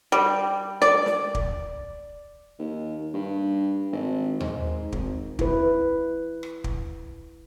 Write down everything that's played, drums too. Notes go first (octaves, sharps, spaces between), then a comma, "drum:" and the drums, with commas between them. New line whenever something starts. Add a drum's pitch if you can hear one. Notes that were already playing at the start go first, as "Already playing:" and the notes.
G3
D5, drum: snare
drum: snare
drum: kick
D#2
G2
G#1
G#2, drum: tom D#2
G#1, drum: kick
E4 B4, drum: kick
drum: rim click
drum: kick